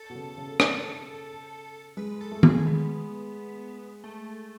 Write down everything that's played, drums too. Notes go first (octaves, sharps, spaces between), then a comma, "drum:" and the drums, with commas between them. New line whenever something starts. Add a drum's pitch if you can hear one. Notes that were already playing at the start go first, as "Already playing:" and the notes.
Already playing: A4
B2
C#3
C#3
A4, drum: rim click
G#3 B4
A4
A3
G#4, drum: tom D#3
G#3 B3
A3